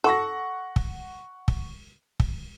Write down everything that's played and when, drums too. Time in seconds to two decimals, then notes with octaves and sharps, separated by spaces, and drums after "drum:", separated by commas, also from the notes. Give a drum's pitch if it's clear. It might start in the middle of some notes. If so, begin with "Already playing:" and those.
0.04 A4 F#5 C#6 A#6
0.76 drum: kick
1.48 drum: kick
2.20 drum: kick